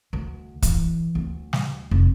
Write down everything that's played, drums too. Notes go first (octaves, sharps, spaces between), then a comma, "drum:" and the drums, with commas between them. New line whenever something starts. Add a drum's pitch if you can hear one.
D2
E3, drum: kick, hi-hat
D2
drum: snare
F1